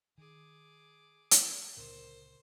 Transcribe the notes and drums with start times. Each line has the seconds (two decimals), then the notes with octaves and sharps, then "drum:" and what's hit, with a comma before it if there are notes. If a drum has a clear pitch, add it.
0.18 D#3 G#4 D6
1.31 drum: hi-hat
1.77 C#2 A#2 D3 A#4 C5